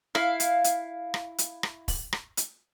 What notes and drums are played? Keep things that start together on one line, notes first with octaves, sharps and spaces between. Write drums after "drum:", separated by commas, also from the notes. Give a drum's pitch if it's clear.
E4 F5, drum: rim click
drum: hi-hat
drum: hi-hat
drum: rim click
drum: hi-hat
drum: rim click
drum: kick, open hi-hat
drum: rim click
drum: hi-hat